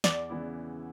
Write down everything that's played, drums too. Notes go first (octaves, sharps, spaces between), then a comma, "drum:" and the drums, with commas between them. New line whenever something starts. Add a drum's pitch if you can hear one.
E2 D5, drum: snare
C#3 E3 B3 E4